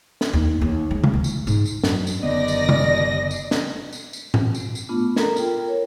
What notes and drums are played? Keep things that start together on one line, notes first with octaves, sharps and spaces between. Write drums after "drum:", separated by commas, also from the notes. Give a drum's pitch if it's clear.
drum: snare
D#2
D#2
G#3
drum: tom
D2
drum: tambourine
G#2, drum: tambourine
drum: tambourine
F#2, drum: snare
drum: tambourine
F#1 D#2 D3 B3 D5 D#5 A#6
drum: tambourine
drum: tom
drum: tambourine
drum: snare
drum: tambourine
drum: tambourine
drum: tom G#2
drum: tambourine
drum: tambourine
A3 B3 D4 F4
A4 A#4 A#5, drum: snare
F4 A#4 G5, drum: tambourine
A#4 C#5